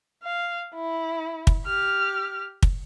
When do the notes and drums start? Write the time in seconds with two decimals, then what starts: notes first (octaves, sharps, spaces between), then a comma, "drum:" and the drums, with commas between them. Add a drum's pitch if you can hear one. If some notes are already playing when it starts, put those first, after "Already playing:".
0.23 F5
0.74 E4
1.47 drum: kick
1.66 G4 F6
2.62 drum: kick